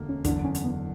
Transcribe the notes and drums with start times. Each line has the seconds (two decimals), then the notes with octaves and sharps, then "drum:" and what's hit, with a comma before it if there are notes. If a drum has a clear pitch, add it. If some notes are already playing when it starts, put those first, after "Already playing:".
Already playing: E1 D2 D3 A#3
0.09 C#4
0.25 F#1 E2 D3 D4, drum: kick, hi-hat
0.44 C#4
0.55 drum: hi-hat
0.64 B3